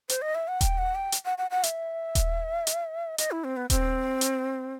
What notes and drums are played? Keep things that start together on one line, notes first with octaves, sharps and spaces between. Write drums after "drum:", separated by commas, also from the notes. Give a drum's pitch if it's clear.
C5, drum: hi-hat
D#5
E5
F#5
G5, drum: kick D#1, hi-hat
F#5
G5
drum: hi-hat
F#5
F#5
F#5
E5, drum: hi-hat
drum: kick D#1, hi-hat
drum: hi-hat
D#5, drum: hi-hat
E4
C4
B3
C4, drum: kick D#1, hi-hat
drum: hi-hat